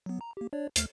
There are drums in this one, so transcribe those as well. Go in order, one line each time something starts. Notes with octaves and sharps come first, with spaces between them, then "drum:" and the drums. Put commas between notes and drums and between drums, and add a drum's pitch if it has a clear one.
F#3 B3
A#5
A#3 G4
D4 C#5 D5
D#2 A3 F6, drum: hi-hat